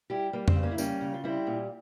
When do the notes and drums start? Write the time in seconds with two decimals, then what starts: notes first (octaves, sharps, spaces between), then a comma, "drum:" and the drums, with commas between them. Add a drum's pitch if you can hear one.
0.10 G3 E4 G4
0.33 G3 A#3
0.48 C4, drum: tom F2
0.56 C#3
0.63 A#3 C#4
0.71 E4
0.78 G3 A#3 C#4, drum: tambourine
1.01 C#3
1.14 F4
1.24 G3 C4 E4
1.47 A#2